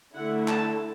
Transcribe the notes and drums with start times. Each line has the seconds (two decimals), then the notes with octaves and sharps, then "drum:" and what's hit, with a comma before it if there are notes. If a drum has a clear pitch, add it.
0.15 D3 A3 E4 F#5
0.48 A5, drum: clap